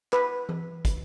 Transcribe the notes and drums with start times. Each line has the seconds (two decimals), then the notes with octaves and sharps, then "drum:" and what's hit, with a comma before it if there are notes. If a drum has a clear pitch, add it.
0.13 B4, drum: clap
0.49 drum: tom E3
0.85 drum: kick, hi-hat